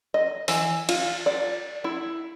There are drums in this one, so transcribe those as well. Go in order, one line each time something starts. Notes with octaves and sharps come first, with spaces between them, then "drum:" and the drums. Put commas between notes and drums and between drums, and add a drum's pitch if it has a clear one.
D#5
E3, drum: open hi-hat
F4, drum: cymbal
D5
E4